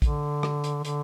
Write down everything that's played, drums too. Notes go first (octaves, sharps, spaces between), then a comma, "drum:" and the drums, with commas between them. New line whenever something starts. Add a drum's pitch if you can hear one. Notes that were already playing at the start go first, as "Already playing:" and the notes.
D3, drum: kick A#1, hi-hat
drum: rim click
drum: hi-hat
D3, drum: hi-hat